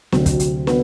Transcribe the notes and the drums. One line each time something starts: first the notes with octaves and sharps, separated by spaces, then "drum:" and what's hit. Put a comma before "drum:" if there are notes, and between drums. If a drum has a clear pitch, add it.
D2 C3 F#3 C4, drum: snare
drum: kick, hi-hat
drum: hi-hat
B3, drum: snare